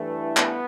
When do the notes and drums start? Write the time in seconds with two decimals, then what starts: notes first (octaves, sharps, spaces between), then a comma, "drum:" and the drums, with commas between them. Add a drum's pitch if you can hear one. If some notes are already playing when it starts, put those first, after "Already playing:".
Already playing: G2 E3 A3
0.37 B3, drum: clap